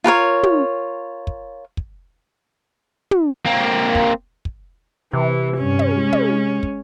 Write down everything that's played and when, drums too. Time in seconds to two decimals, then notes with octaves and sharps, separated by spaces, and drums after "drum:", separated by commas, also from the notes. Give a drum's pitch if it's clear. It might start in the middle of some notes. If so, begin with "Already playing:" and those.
0.04 F4 A#4 B4 C#5
0.43 drum: tom
1.27 drum: kick
1.77 drum: kick
3.11 drum: tom
3.46 A#3 C4
3.95 drum: kick
4.45 drum: kick
5.13 C3 E3
5.58 G2 C#4
5.79 drum: tom
5.96 G#3
6.13 drum: tom
6.63 drum: kick